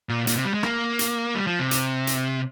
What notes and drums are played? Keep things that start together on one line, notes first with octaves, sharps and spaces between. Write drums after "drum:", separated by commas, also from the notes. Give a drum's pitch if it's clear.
A#2
A#2, drum: hi-hat
C3
G3
G#3
A#3, drum: rim click
drum: hi-hat
G3
F3
C3
drum: hi-hat
drum: hi-hat